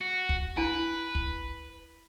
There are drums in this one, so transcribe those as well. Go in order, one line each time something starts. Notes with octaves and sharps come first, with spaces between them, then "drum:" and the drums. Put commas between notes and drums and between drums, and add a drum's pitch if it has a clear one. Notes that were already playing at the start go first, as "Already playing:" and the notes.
F#4
drum: kick
D4 E4 B4 G#5
drum: kick